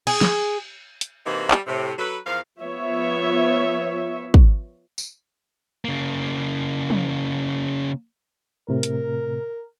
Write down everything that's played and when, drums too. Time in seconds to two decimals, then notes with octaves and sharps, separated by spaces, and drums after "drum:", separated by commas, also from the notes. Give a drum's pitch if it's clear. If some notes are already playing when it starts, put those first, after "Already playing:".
0.07 G#4, drum: cymbal
0.21 drum: snare
1.01 drum: hi-hat
1.26 C3 E3 A#3 D#4 F#4
1.51 G3, drum: clap
1.67 A2 C3
1.99 F#3 A4 B4
2.25 E2 F3 A#4 F5
2.60 F3 B3 C#5 E5
4.34 drum: kick
4.98 drum: tambourine
5.85 C#3 A#3
6.90 drum: tom
8.69 A2 C3 A#4
8.83 drum: hi-hat